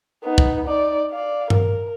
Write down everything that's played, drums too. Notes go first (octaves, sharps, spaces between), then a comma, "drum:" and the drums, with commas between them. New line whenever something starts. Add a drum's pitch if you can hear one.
B3 D#4
drum: kick
D#4 D5
D5 F5
A#4, drum: tom G2